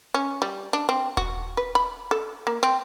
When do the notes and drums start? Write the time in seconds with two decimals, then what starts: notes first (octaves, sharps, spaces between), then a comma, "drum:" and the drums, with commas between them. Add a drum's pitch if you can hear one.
0.14 C#4
0.42 G3
0.73 D4
0.89 C4
1.17 F#4, drum: kick D#1
1.57 B4
1.75 B5
2.11 A4
2.47 A#3
2.63 C4